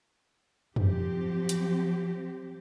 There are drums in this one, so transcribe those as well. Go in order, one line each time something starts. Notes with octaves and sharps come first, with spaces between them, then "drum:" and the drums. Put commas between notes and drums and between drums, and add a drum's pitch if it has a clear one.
F3 F#3 C4 G4, drum: tom F2
drum: hi-hat